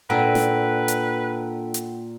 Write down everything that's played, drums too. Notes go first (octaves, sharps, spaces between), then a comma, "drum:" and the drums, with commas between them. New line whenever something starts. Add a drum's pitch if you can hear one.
A#2 D4 A4 B4 F#5 G5 D7
drum: snare
drum: hi-hat
drum: hi-hat